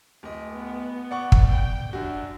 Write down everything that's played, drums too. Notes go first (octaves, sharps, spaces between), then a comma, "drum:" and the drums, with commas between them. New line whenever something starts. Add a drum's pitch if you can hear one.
D1 D#5
B3
D5 F#5 C#6
drum: kick
G5
F#2 D4 F#4